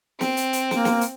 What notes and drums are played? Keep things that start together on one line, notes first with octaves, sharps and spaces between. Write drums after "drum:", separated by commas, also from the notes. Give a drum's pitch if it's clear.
C4, drum: snare
drum: hi-hat
drum: hi-hat
A#3, drum: snare
drum: snare
drum: hi-hat